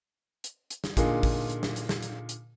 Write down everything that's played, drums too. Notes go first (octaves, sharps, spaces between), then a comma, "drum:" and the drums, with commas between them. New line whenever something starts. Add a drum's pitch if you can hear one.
drum: hi-hat
drum: hi-hat
drum: snare
A#2 D3 A#3 D#4 F4 G#4, drum: kick, hi-hat
drum: kick, open hi-hat
drum: hi-hat
drum: snare
drum: hi-hat
drum: snare
drum: hi-hat
drum: hi-hat